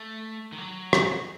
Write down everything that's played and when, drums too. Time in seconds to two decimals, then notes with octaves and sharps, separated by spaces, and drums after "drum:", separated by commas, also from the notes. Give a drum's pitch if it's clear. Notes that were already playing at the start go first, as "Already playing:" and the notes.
Already playing: A3
0.52 D#3
0.58 F#3
0.93 drum: rim click